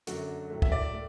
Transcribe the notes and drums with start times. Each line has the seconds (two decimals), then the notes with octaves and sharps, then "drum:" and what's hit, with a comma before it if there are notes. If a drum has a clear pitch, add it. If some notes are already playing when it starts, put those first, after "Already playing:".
0.07 F#2 D3 F#3 A3 F#4, drum: hi-hat
0.50 A2 F#3 A3
0.62 E5, drum: kick
0.72 D5
0.93 A3